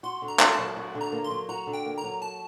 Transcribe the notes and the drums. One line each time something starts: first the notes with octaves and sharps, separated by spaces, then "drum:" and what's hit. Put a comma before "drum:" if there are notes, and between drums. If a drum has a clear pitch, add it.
F#4 C6
D3
A#5
A#3, drum: clap
A5
F#3
F#4
D3
A#5
A#3
C6
F#3
F#4 A#5
D3
G5
A#3
A#5
F#3
F#4 A5